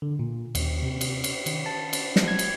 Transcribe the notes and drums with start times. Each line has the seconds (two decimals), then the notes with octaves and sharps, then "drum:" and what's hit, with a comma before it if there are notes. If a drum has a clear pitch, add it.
0.02 D3
0.19 A#2
0.55 D#2, drum: cymbal
0.83 C3
1.01 drum: cymbal
1.24 drum: cymbal
1.46 D#3, drum: cymbal
1.66 A5
1.93 drum: cymbal
2.16 drum: snare
2.28 G#6
2.39 drum: cymbal